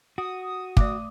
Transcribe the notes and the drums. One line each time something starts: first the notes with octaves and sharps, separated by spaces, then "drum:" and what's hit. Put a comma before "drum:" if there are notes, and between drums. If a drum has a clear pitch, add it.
F#4 F#5 D#6
A3 D5 D6, drum: kick